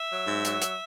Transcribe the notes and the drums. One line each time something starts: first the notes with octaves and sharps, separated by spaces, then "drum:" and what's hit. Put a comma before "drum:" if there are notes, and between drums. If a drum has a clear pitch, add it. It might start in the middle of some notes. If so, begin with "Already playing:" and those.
Already playing: E5
F#3
G#2
F#3, drum: hi-hat
drum: hi-hat